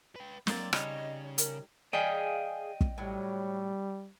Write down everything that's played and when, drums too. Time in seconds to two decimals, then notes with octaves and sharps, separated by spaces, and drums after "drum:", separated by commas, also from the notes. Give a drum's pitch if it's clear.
0.16 B4 G5
0.47 F#3 A#3 C4 D5, drum: snare
0.73 C#3 G3 D#4 C#5 D#5, drum: rim click
1.38 A#4, drum: hi-hat
1.93 G#4 D5 D#5 F5 G5
2.81 drum: kick
2.98 A2 F#3 G3